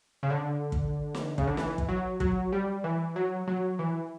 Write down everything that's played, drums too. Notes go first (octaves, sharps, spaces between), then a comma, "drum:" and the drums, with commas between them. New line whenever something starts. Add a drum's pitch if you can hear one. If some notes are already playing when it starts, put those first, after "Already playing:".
C#3
D3
drum: kick
drum: snare
C#3, drum: kick
D3
E3, drum: snare
drum: kick
F#3
F#3, drum: kick
G3
E3
F#3
F#3
E3